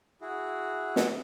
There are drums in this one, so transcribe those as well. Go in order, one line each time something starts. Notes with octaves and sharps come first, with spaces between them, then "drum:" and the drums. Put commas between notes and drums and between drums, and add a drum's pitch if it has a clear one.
E4 F#4 G#4
drum: snare